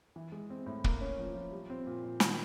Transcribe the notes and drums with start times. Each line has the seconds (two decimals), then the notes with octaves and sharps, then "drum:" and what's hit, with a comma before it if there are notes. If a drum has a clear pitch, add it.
0.16 E3
0.32 G#3
0.50 C4
0.66 A2
0.84 A#3, drum: kick
1.01 C#4
1.18 F3
1.35 F3
1.52 G3
1.70 C4
1.87 A#2
2.04 A#2
2.20 D#3, drum: snare